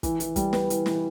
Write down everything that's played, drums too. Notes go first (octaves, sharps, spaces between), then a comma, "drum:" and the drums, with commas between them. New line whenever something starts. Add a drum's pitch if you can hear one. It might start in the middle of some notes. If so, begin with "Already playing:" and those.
E3, drum: kick, hi-hat
E3, drum: hi-hat
G3, drum: kick, hi-hat
B3, drum: snare
E3, drum: hi-hat
E3, drum: snare